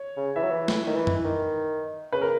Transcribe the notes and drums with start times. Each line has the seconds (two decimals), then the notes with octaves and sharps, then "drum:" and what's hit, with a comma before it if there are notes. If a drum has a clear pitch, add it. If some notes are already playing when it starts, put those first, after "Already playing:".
Already playing: C#5
0.17 C#3
0.36 E3 E5
0.43 F#3
0.50 E3
0.68 drum: snare
0.87 D#3
0.95 E3
1.07 drum: tom F#2
1.25 D#3
2.12 C#3 B4
2.21 A#4